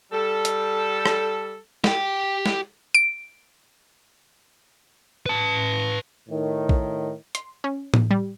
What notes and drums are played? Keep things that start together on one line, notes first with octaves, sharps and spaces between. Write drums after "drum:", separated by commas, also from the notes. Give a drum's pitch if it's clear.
G3 A4
drum: hi-hat
drum: rim click
G4 G5, drum: snare
drum: snare
D7
B4 A5
A2 D#3
drum: kick A#1
C6, drum: hi-hat
C#4
drum: tom A2
G3